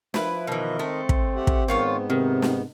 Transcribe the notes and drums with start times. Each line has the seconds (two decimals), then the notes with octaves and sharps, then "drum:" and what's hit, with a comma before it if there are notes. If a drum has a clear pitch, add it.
0.14 F3 E4 B4, drum: snare
0.47 B2 D#3 E3 A#4 D#5
0.79 G#3 A3 C4
1.09 drum: kick
1.36 G4 E5 F#5
1.47 drum: kick
1.68 G#2 D#3 B3 F4 C#5
2.10 C3 D#3
2.42 drum: snare